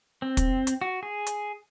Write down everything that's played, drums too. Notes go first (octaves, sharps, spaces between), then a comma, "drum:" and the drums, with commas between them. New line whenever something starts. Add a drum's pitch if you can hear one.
C4
drum: kick, hi-hat
drum: hi-hat
F#4
G#4
drum: hi-hat